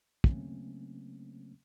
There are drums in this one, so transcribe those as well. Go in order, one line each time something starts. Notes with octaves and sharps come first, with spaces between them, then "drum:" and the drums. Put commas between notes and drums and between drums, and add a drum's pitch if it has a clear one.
C#3 F#3 A3 A#3 C4 C#4, drum: kick